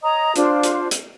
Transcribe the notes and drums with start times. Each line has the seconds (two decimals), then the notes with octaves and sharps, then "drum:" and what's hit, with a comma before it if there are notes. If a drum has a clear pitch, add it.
0.03 C#5 D#5 A#5 D#6
0.36 D4 F4 C5, drum: hi-hat
0.63 drum: hi-hat
0.91 drum: hi-hat